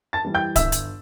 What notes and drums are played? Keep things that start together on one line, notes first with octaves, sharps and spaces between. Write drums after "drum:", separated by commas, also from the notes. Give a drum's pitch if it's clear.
A5 A6
E3 G3
G5 G6
G1 E5 E6, drum: kick D1, hi-hat
drum: hi-hat